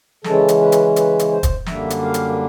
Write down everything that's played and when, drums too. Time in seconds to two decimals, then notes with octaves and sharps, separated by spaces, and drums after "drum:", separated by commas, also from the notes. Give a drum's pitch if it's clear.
0.24 C#3 E3 G#3 C#4 A4, drum: snare
0.48 drum: hi-hat
0.61 B4
0.72 drum: hi-hat
0.96 B4, drum: hi-hat
1.19 drum: hi-hat
1.31 C5
1.43 drum: kick, hi-hat
1.66 F#2 D3 G3 A#3 D4 E5, drum: snare
1.90 drum: hi-hat
2.02 F5
2.14 drum: hi-hat